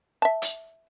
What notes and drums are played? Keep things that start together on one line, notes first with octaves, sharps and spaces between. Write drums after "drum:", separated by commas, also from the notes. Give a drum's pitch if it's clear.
E5 A5
drum: hi-hat